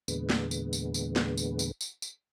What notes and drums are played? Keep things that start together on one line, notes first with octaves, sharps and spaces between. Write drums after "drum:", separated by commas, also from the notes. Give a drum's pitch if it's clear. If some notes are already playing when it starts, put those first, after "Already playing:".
E2 A#2 D3 G#3 B3, drum: tambourine
drum: snare
drum: tambourine
drum: tambourine
drum: tambourine
drum: snare
drum: tambourine
drum: tambourine
drum: tambourine
drum: tambourine